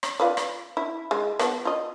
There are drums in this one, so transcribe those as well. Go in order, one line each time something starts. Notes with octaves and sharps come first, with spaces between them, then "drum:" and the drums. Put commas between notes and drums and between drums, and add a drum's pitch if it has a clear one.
drum: rim click
F4 B4 D5
drum: rim click
E4
G#3
F3 B3, drum: rim click
F4 D#5